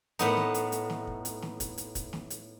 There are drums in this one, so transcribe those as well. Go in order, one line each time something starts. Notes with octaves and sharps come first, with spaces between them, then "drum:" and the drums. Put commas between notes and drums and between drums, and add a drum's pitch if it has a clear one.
A2 B3 D#4, drum: hi-hat
drum: snare
drum: hi-hat
drum: hi-hat
drum: snare
drum: kick
drum: hi-hat
drum: snare
drum: kick, hi-hat
drum: hi-hat
drum: kick, hi-hat
drum: snare
drum: hi-hat